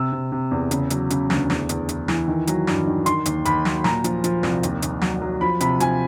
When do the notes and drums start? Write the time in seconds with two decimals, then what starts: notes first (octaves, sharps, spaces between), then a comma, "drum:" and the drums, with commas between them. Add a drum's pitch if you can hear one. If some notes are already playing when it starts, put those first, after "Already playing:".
Already playing: C3 E6
0.12 C3
0.32 C3
0.51 E2
0.71 C#3, drum: hi-hat
0.90 F#3, drum: hi-hat
1.10 C#3, drum: hi-hat
1.30 D2, drum: snare
1.50 E2, drum: snare
1.69 E2, drum: hi-hat
1.89 E2, drum: hi-hat
2.08 E3, drum: snare
2.28 D#3
2.47 F#3, drum: hi-hat
2.67 G2, drum: snare
2.87 D#3
3.06 D#3 C6, drum: hi-hat
3.26 D#2, drum: hi-hat
3.45 D#2 B5, drum: hi-hat
3.65 F#3, drum: snare
3.84 A#2 A#5, drum: snare
4.04 F3, drum: hi-hat
4.24 F3, drum: hi-hat
4.43 C2, drum: snare
4.63 D#2, drum: hi-hat
4.82 D#2, drum: hi-hat
5.01 F#3, drum: snare
5.22 F#3
5.41 F3 B5
5.60 C3 B5, drum: hi-hat
5.80 F3 G#5, drum: hi-hat